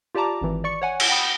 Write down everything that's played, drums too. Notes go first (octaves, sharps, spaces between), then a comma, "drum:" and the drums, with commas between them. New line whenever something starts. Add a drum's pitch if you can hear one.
F4 G4 D5 A5 A#5 D6
G#1 E3
D5 C#6 C#7
C#5 F#5 G#5
drum: cymbal
F#5 G5 B5 D#6